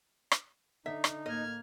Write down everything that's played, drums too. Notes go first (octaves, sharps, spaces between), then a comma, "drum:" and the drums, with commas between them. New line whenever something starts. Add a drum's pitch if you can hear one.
drum: rim click
D3 D#4 E5
drum: rim click
A2 A#3 D#5 F6 G#6